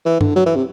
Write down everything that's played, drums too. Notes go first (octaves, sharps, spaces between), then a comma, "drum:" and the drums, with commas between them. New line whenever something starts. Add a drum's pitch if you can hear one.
E3
D3, drum: tom G2
F#3
E3
C3